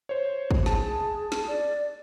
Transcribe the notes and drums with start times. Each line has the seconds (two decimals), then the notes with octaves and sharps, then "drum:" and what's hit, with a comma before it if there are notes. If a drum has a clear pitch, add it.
0.09 C5 C#5
0.51 drum: kick
0.66 G#4 A5, drum: snare
1.32 drum: snare
1.48 D5